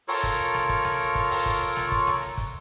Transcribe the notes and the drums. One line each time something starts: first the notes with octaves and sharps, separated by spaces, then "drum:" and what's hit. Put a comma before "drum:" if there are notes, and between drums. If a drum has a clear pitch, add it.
F4 A4 A#4 C#5, drum: open hi-hat
drum: kick, hi-hat
drum: hi-hat
drum: snare
drum: kick, hi-hat
drum: snare
drum: hi-hat
drum: kick, hi-hat
drum: open hi-hat
drum: kick, hi-hat
drum: hi-hat
drum: snare
drum: kick, hi-hat
drum: snare
drum: hi-hat
drum: kick, hi-hat